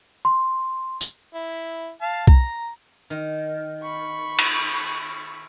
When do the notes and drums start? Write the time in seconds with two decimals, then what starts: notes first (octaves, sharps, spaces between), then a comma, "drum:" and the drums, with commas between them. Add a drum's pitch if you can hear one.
0.25 C6
1.01 drum: tambourine
1.34 E4
2.01 F5 A5
2.27 A#5, drum: kick B1
3.10 D#3
3.83 B5 C#6
4.39 drum: cymbal